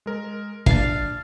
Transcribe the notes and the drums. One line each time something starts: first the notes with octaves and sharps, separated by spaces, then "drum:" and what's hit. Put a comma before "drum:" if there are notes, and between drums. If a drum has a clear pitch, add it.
G#3 A#4
D4 F5 A6, drum: kick